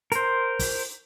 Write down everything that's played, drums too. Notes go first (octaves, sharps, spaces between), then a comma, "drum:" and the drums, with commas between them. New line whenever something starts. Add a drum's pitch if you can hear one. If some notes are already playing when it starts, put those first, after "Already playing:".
A#4 C5, drum: hi-hat
drum: kick, open hi-hat